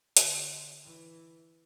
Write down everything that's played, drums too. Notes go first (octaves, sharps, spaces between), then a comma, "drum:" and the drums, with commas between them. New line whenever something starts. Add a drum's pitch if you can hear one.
D3, drum: hi-hat
E3